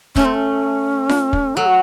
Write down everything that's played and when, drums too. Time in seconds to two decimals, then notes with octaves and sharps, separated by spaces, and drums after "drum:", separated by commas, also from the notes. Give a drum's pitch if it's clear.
0.16 A3 C#4, drum: kick
0.25 C4
0.34 C#4
1.09 drum: snare F4
1.33 drum: kick
1.57 F#3 A4
1.66 F#4